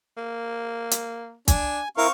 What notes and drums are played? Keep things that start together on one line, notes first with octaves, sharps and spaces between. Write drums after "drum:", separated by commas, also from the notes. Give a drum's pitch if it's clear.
A#3
drum: hi-hat
D4 G#5, drum: kick, hi-hat
C4 E4 A#4 F5 C#6